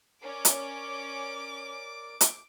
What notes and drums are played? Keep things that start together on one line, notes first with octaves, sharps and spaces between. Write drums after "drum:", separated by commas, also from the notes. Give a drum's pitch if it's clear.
C#4 A#4 D5 D6
drum: hi-hat
drum: hi-hat